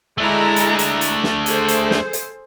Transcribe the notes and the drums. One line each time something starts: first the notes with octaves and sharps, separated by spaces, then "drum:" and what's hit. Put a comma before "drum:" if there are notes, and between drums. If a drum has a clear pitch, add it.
G#3 A3 D4 E4 A#5
drum: hi-hat
drum: hi-hat
drum: hi-hat
drum: snare
G#4 A4 C5, drum: hi-hat
drum: hi-hat
drum: snare
drum: hi-hat